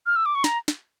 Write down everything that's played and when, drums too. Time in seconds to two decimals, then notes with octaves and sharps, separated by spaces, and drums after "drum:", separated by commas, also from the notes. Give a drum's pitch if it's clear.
0.06 F6
0.16 E6
0.26 D6
0.35 C#6
0.44 A#5, drum: snare
0.68 drum: snare